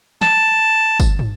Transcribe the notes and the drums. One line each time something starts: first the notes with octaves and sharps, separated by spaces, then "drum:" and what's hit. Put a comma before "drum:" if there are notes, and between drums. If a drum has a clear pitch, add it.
A5, drum: snare
drum: kick G1, tambourine
drum: tom